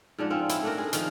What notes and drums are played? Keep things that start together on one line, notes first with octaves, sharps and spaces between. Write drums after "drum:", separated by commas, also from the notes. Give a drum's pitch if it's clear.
G#2 F3 D4 F#5
C4 C#4 F4
E4, drum: hi-hat
A3 D4 A#4
G#4
D#3 F3, drum: hi-hat